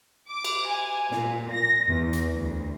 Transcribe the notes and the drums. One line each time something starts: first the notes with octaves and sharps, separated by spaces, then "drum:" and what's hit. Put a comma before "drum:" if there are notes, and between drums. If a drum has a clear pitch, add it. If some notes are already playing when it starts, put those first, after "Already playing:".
D6
drum: cymbal
G#5
A#2, drum: snare
A#6
E2
drum: hi-hat
D2